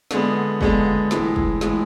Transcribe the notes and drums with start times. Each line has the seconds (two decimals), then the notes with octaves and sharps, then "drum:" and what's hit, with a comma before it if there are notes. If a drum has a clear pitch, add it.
0.11 D3 G#3 B3, drum: snare
0.61 D3 G#3 B3, drum: kick
1.11 A2 E3 G#3, drum: snare
1.36 drum: kick
1.61 A2 E3 G#3, drum: snare